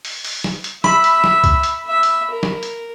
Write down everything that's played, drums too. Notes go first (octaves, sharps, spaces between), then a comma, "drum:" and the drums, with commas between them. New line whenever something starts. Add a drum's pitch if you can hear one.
drum: open hi-hat
drum: open hi-hat
drum: snare
drum: hi-hat
E5 B5, drum: snare
drum: hi-hat
drum: snare
drum: kick C#2, hi-hat
drum: hi-hat
E5
drum: hi-hat
A#4
drum: snare
drum: hi-hat